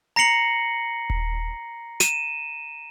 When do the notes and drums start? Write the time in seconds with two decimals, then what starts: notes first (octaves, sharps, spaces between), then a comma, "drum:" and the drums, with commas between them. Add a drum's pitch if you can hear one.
0.16 A#5 A#6 C7 C#7 F#7
1.10 drum: kick D#1
2.00 D#7 E7, drum: snare